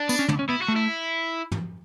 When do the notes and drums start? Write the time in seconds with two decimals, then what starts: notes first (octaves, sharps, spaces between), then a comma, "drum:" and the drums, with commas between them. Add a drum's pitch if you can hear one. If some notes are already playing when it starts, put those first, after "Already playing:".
Already playing: D4
0.09 B3, drum: tambourine
0.19 C#4
0.29 D4, drum: tom
0.39 C#4
0.49 B3 E4
0.61 F#4
0.68 A3
0.76 E4
1.52 drum: tom